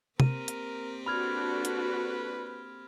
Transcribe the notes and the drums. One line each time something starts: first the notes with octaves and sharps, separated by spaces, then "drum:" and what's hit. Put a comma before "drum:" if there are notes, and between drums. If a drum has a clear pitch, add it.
A#3 C4 G4 A#4 D#7, drum: tom C3
drum: hi-hat
D4 F#4 A4 B4 B5 F6 G#6
drum: hi-hat